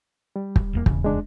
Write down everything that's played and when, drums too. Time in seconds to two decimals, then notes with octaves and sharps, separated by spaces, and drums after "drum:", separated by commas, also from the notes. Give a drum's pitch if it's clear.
0.36 G3
0.56 drum: kick
0.73 D#1 E2 A#3
0.86 D#1 E2 C#3, drum: kick
1.04 G#3 D4